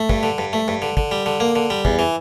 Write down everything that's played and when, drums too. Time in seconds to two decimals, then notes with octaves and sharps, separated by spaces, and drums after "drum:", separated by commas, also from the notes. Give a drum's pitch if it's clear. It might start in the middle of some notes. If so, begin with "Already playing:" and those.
Already playing: A3
0.10 G2, drum: kick
0.23 D3
0.38 G2
0.53 A3
0.68 G2
0.82 D3
0.97 D3, drum: kick
1.12 G3
1.26 D3
1.40 A#3
1.56 D3
1.70 G3
1.85 E2, drum: kick
1.99 E3